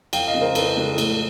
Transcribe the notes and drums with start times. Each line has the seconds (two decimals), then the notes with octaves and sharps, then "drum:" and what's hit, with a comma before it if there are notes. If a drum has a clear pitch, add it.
0.13 F2 F5 G5, drum: cymbal
0.27 D#5 F5
0.34 C#3 F3 G#3
0.41 A#4 C5
0.55 F2 A4 B4, drum: cymbal
0.77 C#3 F3 G#3
0.98 A2, drum: cymbal